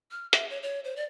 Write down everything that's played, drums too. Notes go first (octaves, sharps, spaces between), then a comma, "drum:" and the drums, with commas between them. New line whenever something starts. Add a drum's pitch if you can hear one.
F6
E5, drum: hi-hat
C#5
C#5
C5
D5